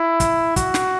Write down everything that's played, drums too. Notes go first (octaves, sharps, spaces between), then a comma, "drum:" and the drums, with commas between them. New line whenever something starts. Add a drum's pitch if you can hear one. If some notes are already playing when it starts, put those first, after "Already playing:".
Already playing: E4
drum: kick, hi-hat
F#4, drum: kick, hi-hat
drum: snare